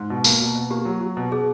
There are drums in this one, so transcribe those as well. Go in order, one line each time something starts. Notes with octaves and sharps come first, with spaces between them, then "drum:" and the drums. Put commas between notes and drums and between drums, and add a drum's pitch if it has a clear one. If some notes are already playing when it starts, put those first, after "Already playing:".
Already playing: G#2
B2
A#3, drum: tambourine
B2
B2
A#3 G4
F#3
F#3
B2
B2 G#4